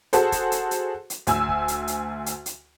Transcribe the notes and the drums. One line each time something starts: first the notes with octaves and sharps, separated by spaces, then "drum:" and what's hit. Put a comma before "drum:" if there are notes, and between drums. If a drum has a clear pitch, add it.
F#4 G#4 A4 C5, drum: hi-hat
drum: kick, hi-hat
drum: hi-hat
drum: hi-hat
drum: hi-hat
D2 G#5 E6, drum: hi-hat
drum: kick
drum: hi-hat
drum: hi-hat
drum: hi-hat
drum: hi-hat